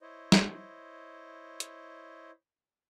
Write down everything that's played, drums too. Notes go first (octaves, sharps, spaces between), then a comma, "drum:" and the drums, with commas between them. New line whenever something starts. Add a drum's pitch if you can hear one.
E4 C5 C#5 D#5
drum: snare
drum: hi-hat